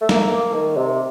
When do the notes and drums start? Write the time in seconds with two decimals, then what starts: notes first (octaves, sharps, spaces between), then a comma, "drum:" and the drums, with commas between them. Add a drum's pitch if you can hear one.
0.01 A3
0.09 A#3, drum: snare
0.31 A#3
0.54 D#3
0.76 C3